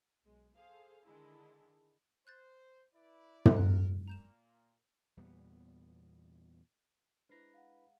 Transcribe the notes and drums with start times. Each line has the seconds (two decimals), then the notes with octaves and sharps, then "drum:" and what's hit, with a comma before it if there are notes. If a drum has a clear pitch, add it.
0.24 B1 G#3
0.55 G#4 A4 C5 F5
1.04 D3 D#3 G#3 D4 E4 G#4
2.27 C5 F#6 G6 A6
2.94 E4 B4 D5
3.45 drum: tom
3.57 F#4 A#4 F#6
4.08 A#2 A#3 A#5 G6 E7
5.17 E2 A#2 G3 B3
7.29 G#3 D4 E4 B4 C5 A#5 C7
7.54 F5 F#5